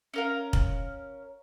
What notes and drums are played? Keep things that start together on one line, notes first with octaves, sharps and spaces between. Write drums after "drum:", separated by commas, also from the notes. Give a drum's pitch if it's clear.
C#4 A#4 F5
drum: kick